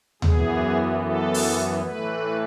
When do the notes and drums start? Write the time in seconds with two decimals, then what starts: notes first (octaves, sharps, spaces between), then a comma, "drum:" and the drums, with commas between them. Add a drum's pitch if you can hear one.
0.22 F#2 E3 B3 G#4, drum: tom D#2
1.02 A4
1.34 drum: open hi-hat
1.81 A2 E3 A3 B4